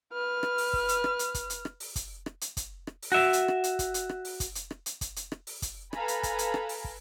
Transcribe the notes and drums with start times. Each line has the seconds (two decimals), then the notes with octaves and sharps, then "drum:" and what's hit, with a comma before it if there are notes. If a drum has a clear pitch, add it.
0.12 B4 F6
0.43 drum: rim click
0.58 drum: open hi-hat
0.73 drum: kick
0.89 drum: hi-hat
1.04 drum: rim click
1.19 drum: hi-hat
1.34 drum: kick, hi-hat
1.50 drum: hi-hat
1.65 drum: rim click
1.80 drum: open hi-hat
1.96 drum: kick, hi-hat
2.26 drum: rim click
2.41 drum: hi-hat
2.57 drum: kick, hi-hat
2.87 drum: rim click
3.03 drum: open hi-hat
3.12 F#4 E5
3.33 drum: hi-hat
3.48 drum: rim click
3.64 drum: hi-hat
3.79 drum: kick, hi-hat
3.94 drum: hi-hat
4.09 drum: rim click
4.25 drum: open hi-hat
4.40 drum: kick, hi-hat
4.55 drum: hi-hat
4.71 drum: rim click
4.86 drum: hi-hat
5.01 drum: kick, hi-hat
5.16 drum: hi-hat
5.32 drum: rim click
5.47 drum: open hi-hat
5.62 drum: kick, hi-hat
5.93 A4 B4 F5 G#5 A#5 B5, drum: rim click
6.08 drum: hi-hat
6.23 drum: kick, hi-hat
6.39 drum: hi-hat
6.54 drum: rim click
6.69 drum: open hi-hat
6.84 drum: kick